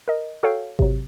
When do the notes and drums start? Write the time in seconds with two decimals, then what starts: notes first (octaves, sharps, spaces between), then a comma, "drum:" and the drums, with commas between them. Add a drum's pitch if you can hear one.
0.08 A#4 D#5
0.43 F#4 A4 C#5 F5 G5
0.79 C3 F#3, drum: kick G#1